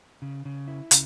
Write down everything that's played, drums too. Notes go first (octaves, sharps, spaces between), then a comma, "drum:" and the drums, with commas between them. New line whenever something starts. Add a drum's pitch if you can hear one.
C#3
C#3
E4
C#3, drum: hi-hat